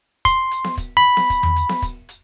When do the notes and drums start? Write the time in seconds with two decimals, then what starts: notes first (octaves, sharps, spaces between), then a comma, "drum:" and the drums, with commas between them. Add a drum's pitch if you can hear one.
0.25 C6, drum: kick, hi-hat
0.51 drum: hi-hat
0.64 drum: snare B3
0.78 drum: kick, hi-hat
0.97 B5
1.17 drum: snare B3
1.30 drum: kick, hi-hat
1.43 drum: tom E2
1.56 drum: hi-hat
1.69 drum: snare B3
1.82 drum: kick, hi-hat
2.09 drum: hi-hat